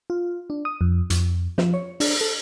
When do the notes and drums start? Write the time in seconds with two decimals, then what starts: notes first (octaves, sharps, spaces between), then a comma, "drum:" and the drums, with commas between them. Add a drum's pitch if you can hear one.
0.10 F4
0.50 D4
0.65 D#6
0.81 F2
1.10 F2, drum: hi-hat
1.58 F3, drum: snare
1.74 C#5
2.00 D4, drum: open hi-hat
2.21 A4